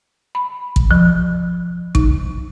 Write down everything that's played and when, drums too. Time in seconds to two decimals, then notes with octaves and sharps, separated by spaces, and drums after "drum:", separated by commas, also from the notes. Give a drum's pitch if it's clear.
0.35 B5
0.76 drum: kick
0.91 F3
1.95 D#4, drum: kick